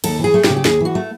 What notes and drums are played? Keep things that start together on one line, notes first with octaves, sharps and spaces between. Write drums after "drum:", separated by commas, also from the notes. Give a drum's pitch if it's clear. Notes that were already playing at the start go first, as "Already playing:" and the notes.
D#2 A4, drum: cymbal
E3 G#4
A3
G4, drum: snare
C#3
G4
D#2 G#4, drum: snare
E3 F#4
A3